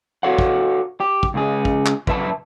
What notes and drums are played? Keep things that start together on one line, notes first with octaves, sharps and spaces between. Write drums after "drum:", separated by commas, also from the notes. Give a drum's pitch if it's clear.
F#4 A4 C#5 F5 F#5
drum: kick
G4
drum: kick
C#2 C#3 G#4
drum: kick
drum: clap
F#2 B4 E5 A5, drum: kick